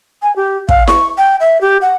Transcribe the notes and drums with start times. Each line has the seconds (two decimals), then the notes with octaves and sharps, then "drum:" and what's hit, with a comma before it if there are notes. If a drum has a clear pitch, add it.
0.23 G#5
0.36 G4
0.69 F5, drum: kick
0.87 C#6, drum: snare E4
1.18 G5
1.40 E5
1.61 G4
1.82 F#5